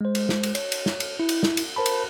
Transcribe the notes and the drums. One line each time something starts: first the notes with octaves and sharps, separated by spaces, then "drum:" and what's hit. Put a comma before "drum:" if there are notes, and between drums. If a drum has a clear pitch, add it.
G#3 C5
drum: cymbal
drum: snare
drum: cymbal
C#5, drum: cymbal
drum: cymbal
drum: snare
drum: cymbal
E4
drum: cymbal
drum: snare
drum: cymbal
A#4 C5 A5 B5
drum: cymbal